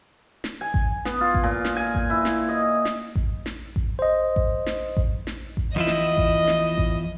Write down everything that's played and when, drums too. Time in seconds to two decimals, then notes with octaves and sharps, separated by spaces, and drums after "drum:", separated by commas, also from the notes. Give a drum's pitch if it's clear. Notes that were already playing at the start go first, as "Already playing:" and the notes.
0.44 drum: snare
0.61 G#5
0.74 drum: kick A1
1.05 B3, drum: snare
1.21 F4
1.34 drum: kick A1
1.44 A#2
1.65 drum: snare
1.76 G#5
1.95 drum: kick A1
2.10 E4
2.25 drum: snare
2.49 D#5
2.85 drum: snare
3.16 drum: kick A1
3.46 drum: snare
3.76 drum: kick A1
3.99 C5 D#5
4.36 drum: kick A1
4.66 drum: snare
4.97 drum: kick A1
5.27 drum: snare
5.57 drum: kick A1
5.76 E2 F3 E4 D#5
5.87 drum: snare
6.17 drum: kick A1
6.48 drum: snare
6.78 drum: kick A1